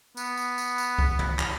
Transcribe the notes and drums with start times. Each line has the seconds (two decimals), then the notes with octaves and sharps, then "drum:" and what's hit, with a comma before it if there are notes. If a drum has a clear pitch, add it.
0.17 B3, drum: tambourine
0.37 drum: tambourine
0.58 drum: tambourine
0.78 drum: tambourine
0.98 drum: kick C2
1.19 drum: tom
1.39 drum: clap